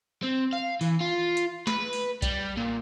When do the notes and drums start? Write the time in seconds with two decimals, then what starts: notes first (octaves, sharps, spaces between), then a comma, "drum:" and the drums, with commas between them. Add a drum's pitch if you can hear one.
0.23 C4
0.53 F5
0.81 E3, drum: open hi-hat
1.01 F4
1.37 drum: hi-hat
1.67 B4, drum: snare
1.93 drum: open hi-hat
2.22 G3, drum: kick A#1, hi-hat
2.57 A#2